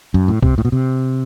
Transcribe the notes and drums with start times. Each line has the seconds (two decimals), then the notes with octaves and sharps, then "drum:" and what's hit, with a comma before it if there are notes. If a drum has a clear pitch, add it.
0.14 F#2
0.28 A2
0.42 C3, drum: kick
0.58 A2
0.65 B2
0.72 C3